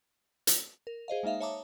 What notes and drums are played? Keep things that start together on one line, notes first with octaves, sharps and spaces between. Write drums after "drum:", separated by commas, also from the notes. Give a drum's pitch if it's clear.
drum: hi-hat
A#4
G#4 C5 D#5 F5
G#3 A#3 D#4 E5 F5
C#5 E5 A5 A#5 D6 D#6